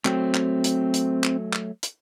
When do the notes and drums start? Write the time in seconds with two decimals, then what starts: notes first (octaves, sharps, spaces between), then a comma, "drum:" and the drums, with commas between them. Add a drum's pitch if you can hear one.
0.05 F#3 A3 C4, drum: clap
0.35 drum: clap
0.64 drum: hi-hat
0.94 drum: hi-hat
1.24 drum: clap
1.53 drum: clap
1.83 drum: hi-hat